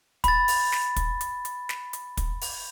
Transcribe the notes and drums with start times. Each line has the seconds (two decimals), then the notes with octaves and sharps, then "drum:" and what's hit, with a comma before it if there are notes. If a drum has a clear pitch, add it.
0.24 B5 A6, drum: kick, hi-hat
0.48 drum: open hi-hat
0.72 drum: snare
0.96 drum: kick, hi-hat
1.21 drum: hi-hat
1.45 drum: hi-hat
1.69 drum: snare
1.93 drum: hi-hat
2.17 drum: kick, hi-hat
2.42 drum: open hi-hat